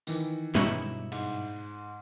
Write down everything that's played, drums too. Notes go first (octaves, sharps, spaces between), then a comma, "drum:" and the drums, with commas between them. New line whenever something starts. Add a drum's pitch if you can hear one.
D#3 E3, drum: tambourine
G2 B2 G#3 C#4 D#4 E4, drum: snare
G#2, drum: cymbal